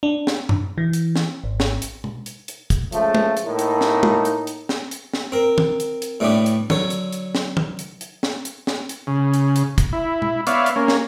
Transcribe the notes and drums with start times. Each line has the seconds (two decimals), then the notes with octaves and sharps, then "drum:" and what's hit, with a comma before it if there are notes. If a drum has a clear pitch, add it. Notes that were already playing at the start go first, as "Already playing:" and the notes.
0.03 D4
0.27 drum: snare
0.49 drum: tom F#2
0.78 E3
0.93 drum: hi-hat
1.16 drum: snare
1.44 G#1
1.60 drum: snare
1.82 drum: hi-hat
2.04 drum: tom B2
2.26 drum: hi-hat
2.48 drum: hi-hat
2.70 drum: kick, hi-hat
2.92 F3 G#3 A3 C#4, drum: hi-hat
3.15 drum: tom
3.37 drum: hi-hat
3.46 A2 A#3 D#4
3.59 drum: hi-hat
3.81 drum: snare
4.03 drum: tom
4.25 drum: hi-hat
4.47 drum: hi-hat
4.69 drum: snare
4.91 drum: hi-hat
5.14 drum: snare
5.32 C4 A#4
5.58 drum: tom
5.80 drum: hi-hat
6.02 drum: hi-hat
6.20 A2 G3 A3 B3 D4 G4
6.46 drum: hi-hat
6.70 D3 F#3 A4 C#5, drum: tom
6.90 drum: hi-hat
7.12 drum: hi-hat
7.35 drum: snare
7.57 drum: tom
7.79 drum: hi-hat
8.01 drum: hi-hat
8.23 drum: snare
8.45 drum: hi-hat
8.67 drum: snare
8.89 drum: hi-hat
9.07 C#3
9.34 drum: hi-hat
9.56 drum: hi-hat
9.78 drum: kick, hi-hat
9.93 E4
10.22 drum: tom B2
10.47 B3 C#5 D5 E5 F5, drum: hi-hat
10.66 drum: hi-hat
10.76 A#3 C#4
10.88 drum: snare